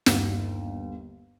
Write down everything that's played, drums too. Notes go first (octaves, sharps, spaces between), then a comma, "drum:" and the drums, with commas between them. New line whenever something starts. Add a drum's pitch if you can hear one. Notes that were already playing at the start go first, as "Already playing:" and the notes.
G1 D#2, drum: snare